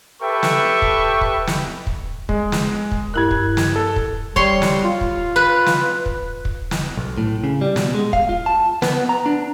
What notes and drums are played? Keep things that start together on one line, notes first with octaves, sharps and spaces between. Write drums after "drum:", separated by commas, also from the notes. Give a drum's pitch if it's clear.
G4 A4 B4 E5 G5 C#6
drum: snare
drum: kick
drum: kick
drum: snare
drum: kick
G#3, drum: kick
drum: snare
drum: kick
G2 E4 A#4 F#6 G#6
drum: kick
drum: snare
A4
drum: kick
G3 C#5 C6, drum: kick
drum: snare
F4
drum: kick
B4
drum: snare
drum: kick
drum: kick
drum: snare
B1
A2
C#3
G3
B2, drum: snare
G#3
F5, drum: kick
F4
A5
B3, drum: snare
A#5
D4